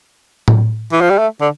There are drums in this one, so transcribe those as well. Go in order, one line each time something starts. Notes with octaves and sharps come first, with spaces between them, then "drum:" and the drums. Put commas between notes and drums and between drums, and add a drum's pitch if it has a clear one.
drum: tom A2
E3
F3
G3
A3
D3